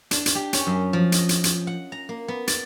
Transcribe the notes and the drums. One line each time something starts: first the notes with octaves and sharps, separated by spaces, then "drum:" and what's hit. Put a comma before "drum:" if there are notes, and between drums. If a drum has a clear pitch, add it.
D4, drum: hi-hat
drum: hi-hat
G4
C#4, drum: hi-hat
F#2
F3
D#5, drum: hi-hat
drum: hi-hat
drum: hi-hat
F#5
A#5
A#3
B3
D5, drum: hi-hat